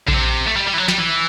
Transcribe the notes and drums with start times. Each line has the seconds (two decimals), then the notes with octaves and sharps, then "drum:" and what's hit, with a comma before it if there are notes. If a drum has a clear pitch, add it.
0.08 D3, drum: kick A#1
0.14 C3
0.47 A3
0.56 G3
0.67 G3
0.73 E3
0.78 F#3
0.88 G3, drum: snare
0.99 E3